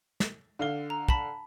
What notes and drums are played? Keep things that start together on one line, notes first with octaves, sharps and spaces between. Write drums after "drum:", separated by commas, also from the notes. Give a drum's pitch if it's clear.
drum: snare
D3 F5 G7
A#5
A5 B5 B6, drum: kick